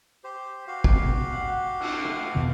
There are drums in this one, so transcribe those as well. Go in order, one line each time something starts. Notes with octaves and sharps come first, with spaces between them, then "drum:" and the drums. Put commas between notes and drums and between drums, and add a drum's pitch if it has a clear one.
G4 C5
F#4 G4 F5
drum: kick
drum: tom C3
F#5
drum: cymbal
A3
E2 B2 E3